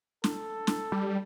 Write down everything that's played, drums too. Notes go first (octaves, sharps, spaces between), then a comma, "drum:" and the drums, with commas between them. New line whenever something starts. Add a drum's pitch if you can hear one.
A4, drum: snare
drum: snare
G3